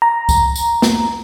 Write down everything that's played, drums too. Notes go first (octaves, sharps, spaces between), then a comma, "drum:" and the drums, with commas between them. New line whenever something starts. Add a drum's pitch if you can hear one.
A#5
drum: kick C2, tambourine
drum: tambourine
drum: snare